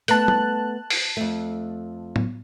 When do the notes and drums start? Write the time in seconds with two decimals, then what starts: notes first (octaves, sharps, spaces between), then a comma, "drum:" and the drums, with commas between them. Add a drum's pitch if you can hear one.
0.08 A3 B3 A5 F#6, drum: hi-hat
0.28 drum: tom
0.90 drum: open hi-hat
1.17 F2 A3
2.16 drum: tom A2